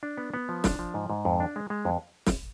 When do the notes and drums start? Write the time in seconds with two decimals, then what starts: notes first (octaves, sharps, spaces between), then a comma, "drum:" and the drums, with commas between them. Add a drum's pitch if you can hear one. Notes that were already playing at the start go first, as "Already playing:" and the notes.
0.03 D4
0.18 B3
0.34 B3
0.49 F3
0.64 D4, drum: snare
0.79 F3
0.94 G#2
1.10 G#2
1.25 F2
1.40 D4
1.56 G#3
1.70 G#3
1.85 F2
2.26 drum: snare